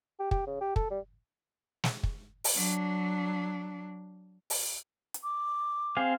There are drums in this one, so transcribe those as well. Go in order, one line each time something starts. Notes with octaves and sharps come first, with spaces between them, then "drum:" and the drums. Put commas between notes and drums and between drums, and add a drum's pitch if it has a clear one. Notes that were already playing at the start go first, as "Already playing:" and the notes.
G4
G4, drum: kick
C#3
G4
A4, drum: kick
G3
drum: snare
drum: kick
drum: open hi-hat
F#3 D4
drum: open hi-hat
drum: hi-hat
D6
C4 G#4 F5